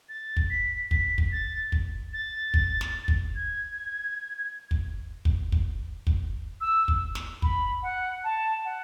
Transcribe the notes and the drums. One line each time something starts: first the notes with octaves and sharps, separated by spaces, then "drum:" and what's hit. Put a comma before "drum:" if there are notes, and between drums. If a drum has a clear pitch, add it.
A6
drum: kick
B6
B6, drum: kick
drum: kick
A6
drum: kick
A6
drum: kick
drum: snare
drum: kick
G#6
drum: kick
drum: kick
drum: kick
drum: kick
E6
drum: kick
drum: snare
B5, drum: kick
F#5
A5
F#5